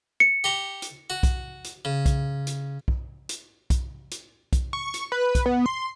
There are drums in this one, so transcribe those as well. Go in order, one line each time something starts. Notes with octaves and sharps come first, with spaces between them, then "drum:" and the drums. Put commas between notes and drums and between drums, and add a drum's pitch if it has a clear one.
C#7
G4 A#5 C#6
drum: hi-hat
F#4
drum: kick B1, hi-hat
drum: hi-hat
C#3
drum: kick B1, hi-hat
drum: hi-hat
drum: kick B1
drum: hi-hat
drum: kick B1, hi-hat
drum: hi-hat
drum: kick B1, hi-hat
C#6
drum: hi-hat
B4
drum: kick B1, hi-hat
B3
C6